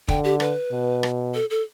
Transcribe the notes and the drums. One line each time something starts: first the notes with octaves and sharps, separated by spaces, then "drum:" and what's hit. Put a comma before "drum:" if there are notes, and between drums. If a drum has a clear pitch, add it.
D3 G5, drum: kick
G4
B4, drum: rim click
B2
drum: rim click
A4
A4